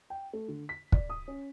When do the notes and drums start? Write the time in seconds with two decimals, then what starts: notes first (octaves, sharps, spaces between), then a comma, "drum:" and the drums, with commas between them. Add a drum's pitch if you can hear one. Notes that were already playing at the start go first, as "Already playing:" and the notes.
0.10 G5
0.33 A3
0.48 D3
0.69 B6
0.92 D5, drum: kick
1.10 D#6
1.28 C#4